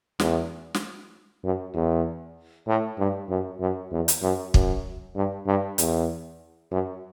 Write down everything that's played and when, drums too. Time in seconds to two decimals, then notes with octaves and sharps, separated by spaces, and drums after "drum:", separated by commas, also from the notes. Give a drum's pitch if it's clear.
0.20 E2, drum: snare
0.74 drum: snare
1.44 F#2
1.74 E2
2.68 A2
2.98 G2
3.29 F#2
3.60 F#2
3.92 E2
4.08 drum: hi-hat
4.23 F#2
4.54 F#2, drum: kick
5.16 G2
5.47 G2
5.78 E2, drum: hi-hat
6.71 F#2